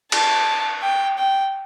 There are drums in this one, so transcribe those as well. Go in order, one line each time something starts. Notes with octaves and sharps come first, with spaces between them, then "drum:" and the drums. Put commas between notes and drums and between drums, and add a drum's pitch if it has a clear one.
A5, drum: cymbal
G5
G5